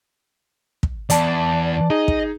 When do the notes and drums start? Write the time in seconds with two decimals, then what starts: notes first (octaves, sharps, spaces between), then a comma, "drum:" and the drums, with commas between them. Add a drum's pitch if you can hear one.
0.83 drum: kick
1.10 E2 D5 A5, drum: hi-hat
1.90 D#4 G#4 D#5
2.08 drum: kick